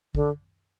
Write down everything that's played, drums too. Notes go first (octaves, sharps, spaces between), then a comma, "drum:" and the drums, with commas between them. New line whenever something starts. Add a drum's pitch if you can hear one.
D3, drum: kick